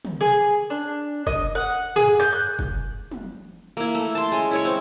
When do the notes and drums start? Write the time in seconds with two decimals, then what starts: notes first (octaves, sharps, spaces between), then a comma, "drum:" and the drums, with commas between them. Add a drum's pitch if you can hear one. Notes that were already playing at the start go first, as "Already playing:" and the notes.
0.05 drum: tom
0.21 G#4
0.70 D4
1.27 D#5, drum: kick
1.55 F#5
1.96 G#4, drum: tom
2.20 G6
2.33 F#6
2.59 drum: kick
3.11 drum: tom
3.77 A#3 E4
3.95 A3
4.15 A5 C6
4.32 G#3 C#4
4.51 E4 C#5 C#6
4.65 C4